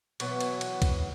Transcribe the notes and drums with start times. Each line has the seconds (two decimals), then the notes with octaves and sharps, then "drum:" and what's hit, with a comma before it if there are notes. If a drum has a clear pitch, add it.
0.20 B2 E3 F#3 B3, drum: cymbal
0.41 drum: cymbal
0.61 drum: cymbal
0.82 drum: kick B1, cymbal